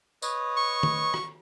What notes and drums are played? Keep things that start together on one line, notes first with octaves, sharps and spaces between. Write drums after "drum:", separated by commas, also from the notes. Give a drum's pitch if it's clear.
B4 C#5 D#5, drum: tambourine
C#6
drum: tom
drum: rim click